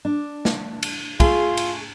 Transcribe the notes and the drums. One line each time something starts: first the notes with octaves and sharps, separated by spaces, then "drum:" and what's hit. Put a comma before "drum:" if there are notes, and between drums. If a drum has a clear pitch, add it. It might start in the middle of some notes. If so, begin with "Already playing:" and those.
D4
drum: snare
drum: cymbal
A3 F4 G#4 A4, drum: kick, cymbal
drum: cymbal